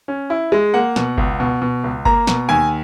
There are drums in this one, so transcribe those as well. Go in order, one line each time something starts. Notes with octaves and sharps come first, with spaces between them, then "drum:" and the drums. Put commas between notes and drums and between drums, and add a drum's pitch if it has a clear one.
C#4
E4
G#3
A#3 F#5
B2, drum: snare
C#2, drum: kick G1
B2
B2
C#2
A#3 A#5, drum: kick G1
B2, drum: snare
D#2 G#5